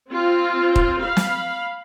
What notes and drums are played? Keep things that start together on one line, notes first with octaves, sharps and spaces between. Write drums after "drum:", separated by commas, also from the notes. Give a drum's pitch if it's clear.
C4 F4
drum: kick
F5 B5
drum: snare